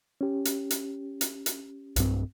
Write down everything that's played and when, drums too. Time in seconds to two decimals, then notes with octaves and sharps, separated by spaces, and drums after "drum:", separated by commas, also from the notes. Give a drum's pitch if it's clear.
0.21 C#4 G4
0.45 drum: hi-hat
0.71 drum: hi-hat
1.21 drum: hi-hat
1.46 drum: hi-hat
1.96 B1 G2 C4, drum: hi-hat